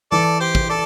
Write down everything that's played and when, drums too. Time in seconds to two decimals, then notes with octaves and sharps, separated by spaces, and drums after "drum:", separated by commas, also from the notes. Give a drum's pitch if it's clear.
0.12 E3 A4 D5
0.40 G4 C5
0.55 drum: kick
0.69 A4 D5